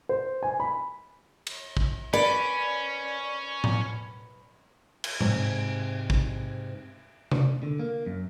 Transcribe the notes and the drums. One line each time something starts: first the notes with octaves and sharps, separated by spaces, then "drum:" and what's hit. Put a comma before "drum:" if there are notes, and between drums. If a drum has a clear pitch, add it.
C5
G#5
B5
drum: cymbal
drum: kick
C#4 B4 D5
drum: tom A2
drum: cymbal
G#2 C3, drum: tom A2
drum: kick
drum: tom C3
D3
A#3
F#2